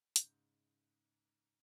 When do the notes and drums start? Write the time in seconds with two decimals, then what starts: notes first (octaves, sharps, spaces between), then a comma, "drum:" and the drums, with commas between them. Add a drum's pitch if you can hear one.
0.16 G#2 C#3 G6, drum: hi-hat